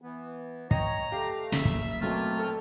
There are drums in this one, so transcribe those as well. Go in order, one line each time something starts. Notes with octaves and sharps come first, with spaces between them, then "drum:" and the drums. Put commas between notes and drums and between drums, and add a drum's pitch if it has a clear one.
E3 B3
C#5 D#5 G5 A#5, drum: kick
A3 G4 F5
F#1 E5, drum: snare
drum: kick
B2 F#3 A3 A#3 C4 F4
A4